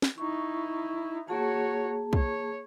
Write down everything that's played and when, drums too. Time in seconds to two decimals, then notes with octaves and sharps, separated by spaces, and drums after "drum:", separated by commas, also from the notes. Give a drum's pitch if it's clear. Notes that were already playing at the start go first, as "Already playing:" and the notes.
0.02 drum: snare
0.18 D#4 E4 C#6
1.28 A#3 F#4 G#4 C#5 A5
2.13 C#5, drum: kick